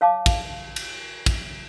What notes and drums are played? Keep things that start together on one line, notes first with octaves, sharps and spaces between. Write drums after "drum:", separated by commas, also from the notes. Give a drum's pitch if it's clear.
C#5 F5 A5 D6
drum: kick, cymbal
drum: cymbal
drum: kick, cymbal